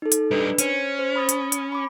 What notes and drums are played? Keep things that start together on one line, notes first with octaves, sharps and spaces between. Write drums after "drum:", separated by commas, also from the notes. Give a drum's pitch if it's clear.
D#4 A4
drum: hi-hat
G3 D4 D#4 B4
C#4 C5 C#5, drum: hi-hat
C5
B5 D#6 A6
drum: hi-hat
drum: hi-hat
B5 D6